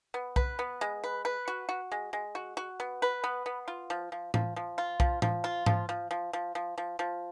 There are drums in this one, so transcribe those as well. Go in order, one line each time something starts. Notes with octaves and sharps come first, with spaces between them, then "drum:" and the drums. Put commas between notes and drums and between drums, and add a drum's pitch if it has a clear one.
B3
B4, drum: kick B1
B3
G#3
B4
B4
F#4
F#4
G#3
G#3
F#4
F#4
B3
B4
B3
B3
F4
F3
F3
F3, drum: tom A2
F3
F4
F3, drum: kick B1
F3, drum: tom A2
F4
F3, drum: tom G#2
F3
F3
F3
F3
F3
F3